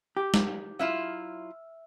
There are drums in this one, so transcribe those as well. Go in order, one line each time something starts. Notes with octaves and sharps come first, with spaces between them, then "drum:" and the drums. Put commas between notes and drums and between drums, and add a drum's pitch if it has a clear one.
G4
drum: snare
F#3 E4 F4 E5 F6 E7